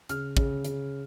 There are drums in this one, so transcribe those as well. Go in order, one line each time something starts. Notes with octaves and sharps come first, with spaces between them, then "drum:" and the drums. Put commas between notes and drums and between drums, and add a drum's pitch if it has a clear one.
C#3 F6, drum: hi-hat
C#3, drum: kick
C#3, drum: hi-hat